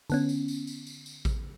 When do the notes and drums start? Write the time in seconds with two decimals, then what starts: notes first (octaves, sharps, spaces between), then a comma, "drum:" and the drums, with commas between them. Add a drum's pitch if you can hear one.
0.10 D3 B3 C#4, drum: tambourine
0.29 drum: tambourine
0.48 drum: tambourine
0.67 drum: tambourine
0.87 drum: tambourine
1.06 drum: tambourine
1.25 drum: kick A1, tambourine